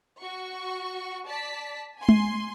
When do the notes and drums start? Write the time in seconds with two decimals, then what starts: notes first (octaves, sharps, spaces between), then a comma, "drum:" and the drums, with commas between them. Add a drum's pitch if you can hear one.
0.20 F#4 C#6
1.27 D5 A5 B6
1.99 G#5 C6
2.09 drum: tom G#3